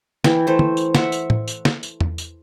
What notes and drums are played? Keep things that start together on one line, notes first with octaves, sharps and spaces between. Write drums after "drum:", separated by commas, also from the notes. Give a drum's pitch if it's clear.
E3 G5, drum: snare
A3 C5
drum: tom
drum: tambourine
E5 F#5, drum: snare
drum: tambourine
drum: tom A2
drum: tambourine
drum: snare
drum: tambourine
drum: tom E2
drum: tambourine